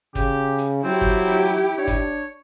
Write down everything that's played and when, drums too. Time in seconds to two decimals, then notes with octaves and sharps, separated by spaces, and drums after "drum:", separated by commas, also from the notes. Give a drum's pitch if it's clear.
0.15 C#3 G4, drum: kick, hi-hat
0.58 drum: hi-hat
0.84 F#3 C4 E4 G4
1.01 drum: kick, hi-hat
1.44 drum: hi-hat
1.78 D4 C#5
1.87 drum: kick, hi-hat